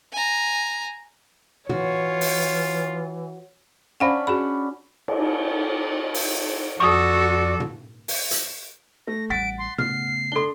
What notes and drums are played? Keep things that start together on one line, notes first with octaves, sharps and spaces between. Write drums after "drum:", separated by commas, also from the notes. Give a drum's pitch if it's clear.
G#5 A#5
E3 F4 F#4 C#5, drum: tom
drum: open hi-hat
C#4 D4 C5 F5 F#5 B5
F#4 G#4 F#5 B5
drum: cymbal
drum: open hi-hat
F2 F#4 A4 D5 C#6 D#6
drum: tom
drum: open hi-hat
drum: hi-hat
A3 A#6
A1 G3 F#5 A6 B6 D7
C6
C#3 A3 B3 F6 C7, drum: tom
D4 A4 C6 G7